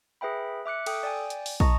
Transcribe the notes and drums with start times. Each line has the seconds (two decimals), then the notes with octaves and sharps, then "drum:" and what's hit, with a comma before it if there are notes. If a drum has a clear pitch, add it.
0.21 G#4 B4 E5 G5 B5
0.66 E5 D6 F#6 C#7
0.86 A4 G5 D#6, drum: cymbal
1.03 D5 G5 G#5
1.30 drum: hi-hat
1.46 drum: open hi-hat
1.60 D#5 A5 A#5 C#6 D#6, drum: kick